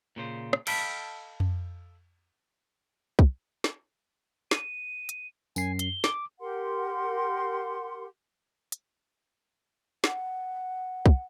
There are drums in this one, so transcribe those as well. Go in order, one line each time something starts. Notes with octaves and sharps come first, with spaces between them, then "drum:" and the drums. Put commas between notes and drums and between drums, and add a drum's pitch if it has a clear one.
A#2 C#3 C5
drum: rim click
A4 D#5 F5 G5 A5 B5, drum: cymbal
drum: tom F2
drum: kick
drum: snare
D#7, drum: snare
drum: hi-hat
F#2 G#5 C7, drum: tambourine
G7, drum: hi-hat
D6, drum: snare
G4 A#4 F#5 C6
drum: hi-hat
F#5, drum: snare
drum: kick